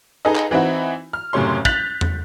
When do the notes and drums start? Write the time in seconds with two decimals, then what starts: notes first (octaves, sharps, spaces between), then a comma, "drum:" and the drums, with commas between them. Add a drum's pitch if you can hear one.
0.25 D#4 G#4 A4 B4 D#5
0.36 drum: clap
0.51 E3 C4 D#4 E4 F#4
1.13 F6
1.33 F#1 A2 C3 C#5 C6
1.65 F#6 G6 A6 B6 F7 F#7, drum: kick
2.01 drum: tom E2